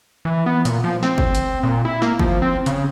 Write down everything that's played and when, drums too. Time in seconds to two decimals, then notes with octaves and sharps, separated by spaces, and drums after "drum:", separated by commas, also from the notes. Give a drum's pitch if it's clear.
0.25 E3
0.46 B3
0.65 A#2, drum: hi-hat
0.84 F3
1.03 C4, drum: snare
1.18 drum: kick
1.35 drum: hi-hat
1.63 A#2
1.85 E4
2.02 A#3, drum: snare
2.19 F3, drum: kick
2.42 C4
2.66 C#3, drum: hi-hat